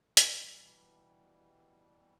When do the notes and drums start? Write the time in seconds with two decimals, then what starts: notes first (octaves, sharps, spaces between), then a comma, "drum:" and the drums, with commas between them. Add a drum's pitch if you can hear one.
0.17 B2 E3 G3, drum: hi-hat